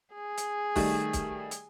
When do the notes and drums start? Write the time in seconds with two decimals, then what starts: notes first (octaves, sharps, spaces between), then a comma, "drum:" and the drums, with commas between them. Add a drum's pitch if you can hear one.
0.13 G#4
0.38 drum: hi-hat
0.76 D#3 G3 A3, drum: kick, open hi-hat
1.13 drum: kick, hi-hat
1.51 drum: hi-hat